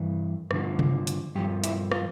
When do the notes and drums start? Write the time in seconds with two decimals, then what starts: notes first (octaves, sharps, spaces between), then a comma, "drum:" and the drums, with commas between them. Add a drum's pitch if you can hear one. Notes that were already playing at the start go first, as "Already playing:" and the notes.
Already playing: G2 E3
0.51 G2 D3 F3, drum: rim click
0.79 drum: tom C3
1.07 drum: hi-hat
1.35 G2 F3 G4
1.64 E4, drum: hi-hat
1.92 F4, drum: rim click